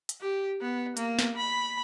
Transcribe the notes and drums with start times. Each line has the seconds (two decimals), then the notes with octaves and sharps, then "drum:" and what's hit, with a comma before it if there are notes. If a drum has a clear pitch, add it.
0.09 drum: hi-hat
0.20 G4
0.61 B3
0.97 A#3, drum: hi-hat
1.19 drum: snare
1.37 B5